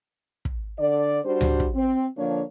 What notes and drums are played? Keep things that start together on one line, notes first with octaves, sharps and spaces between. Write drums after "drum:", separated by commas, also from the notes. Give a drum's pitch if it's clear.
drum: kick
D3 D5
G3 D4 F#4 C5
drum: tom C#2
drum: kick
C4
D3 F3 A#3 D4 C#5